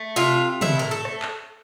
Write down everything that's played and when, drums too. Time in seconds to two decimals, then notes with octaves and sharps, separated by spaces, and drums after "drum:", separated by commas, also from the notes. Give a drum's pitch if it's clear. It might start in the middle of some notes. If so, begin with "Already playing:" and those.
Already playing: A3
0.16 C3 F4
0.61 A3 E4, drum: tom
0.79 A#4
0.91 A4
1.05 drum: rim click
1.22 drum: clap